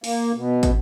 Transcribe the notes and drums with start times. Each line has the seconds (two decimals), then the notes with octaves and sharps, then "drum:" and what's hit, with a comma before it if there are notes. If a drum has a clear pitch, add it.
0.04 A#3, drum: open hi-hat
0.35 B2
0.63 drum: kick, hi-hat